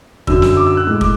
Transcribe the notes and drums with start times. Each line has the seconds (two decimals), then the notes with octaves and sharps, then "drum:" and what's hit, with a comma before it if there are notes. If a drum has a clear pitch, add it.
0.27 F#2 D3 F#3 E6, drum: kick
0.42 E6, drum: snare
0.57 D6
0.67 E6
0.77 F#6
0.87 A2 G#3 E6
1.01 D6, drum: kick